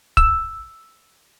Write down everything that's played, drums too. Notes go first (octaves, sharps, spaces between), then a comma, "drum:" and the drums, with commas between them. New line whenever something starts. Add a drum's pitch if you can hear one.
E6, drum: kick